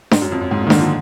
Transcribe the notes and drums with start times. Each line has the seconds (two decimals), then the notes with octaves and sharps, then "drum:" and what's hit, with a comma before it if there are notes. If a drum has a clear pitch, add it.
0.11 G#2, drum: snare D4
0.22 F#2
0.32 F2
0.41 F#2
0.51 G#2
0.61 A#2
0.67 D#3
0.70 D3, drum: snare D4
0.81 F3